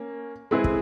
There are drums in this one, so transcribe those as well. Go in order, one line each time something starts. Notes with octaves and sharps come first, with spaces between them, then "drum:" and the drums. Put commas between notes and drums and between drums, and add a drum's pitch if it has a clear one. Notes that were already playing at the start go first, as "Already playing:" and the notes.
Already playing: A#3 C#4
G#3 C4 E4 G#4 B4
drum: kick